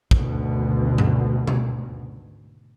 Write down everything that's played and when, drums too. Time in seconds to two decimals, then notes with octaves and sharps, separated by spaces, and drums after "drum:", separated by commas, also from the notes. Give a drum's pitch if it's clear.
0.11 G#1 D2 B2, drum: kick
0.98 drum: tom G2
1.47 drum: tom B2